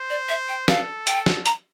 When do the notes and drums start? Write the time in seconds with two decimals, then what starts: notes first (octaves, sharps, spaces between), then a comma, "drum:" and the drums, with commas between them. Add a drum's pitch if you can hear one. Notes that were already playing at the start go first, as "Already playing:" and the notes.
Already playing: C5
0.10 D5
0.29 E5
0.49 G5
0.68 A4 F5, drum: snare
1.07 G5, drum: hi-hat
1.26 drum: snare
1.46 A#5, drum: hi-hat